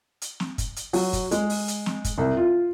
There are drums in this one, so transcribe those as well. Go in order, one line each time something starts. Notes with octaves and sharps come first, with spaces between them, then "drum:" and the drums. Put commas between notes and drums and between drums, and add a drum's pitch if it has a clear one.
drum: hi-hat
drum: snare
drum: kick, hi-hat
drum: hi-hat
F#3, drum: open hi-hat
drum: kick, hi-hat
G#3, drum: hi-hat
drum: open hi-hat
drum: hi-hat
drum: snare
drum: kick, hi-hat
C2
F4